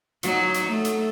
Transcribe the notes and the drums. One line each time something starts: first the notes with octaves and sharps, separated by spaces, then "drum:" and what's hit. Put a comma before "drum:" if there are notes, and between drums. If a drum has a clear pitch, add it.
F#3 D#4, drum: hi-hat
drum: hi-hat
A3
drum: hi-hat